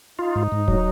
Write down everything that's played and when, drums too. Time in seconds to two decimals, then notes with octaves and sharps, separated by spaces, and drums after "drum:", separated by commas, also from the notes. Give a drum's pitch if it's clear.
0.19 D#4 F4
0.36 G#2
0.52 G#2
0.68 F#3, drum: kick D#1